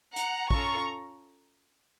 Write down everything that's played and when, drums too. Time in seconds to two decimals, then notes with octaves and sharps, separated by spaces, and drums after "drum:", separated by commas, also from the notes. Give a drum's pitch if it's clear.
0.16 F#5 A#5, drum: hi-hat
0.50 C#4 F4 A4 A#5 C#6, drum: kick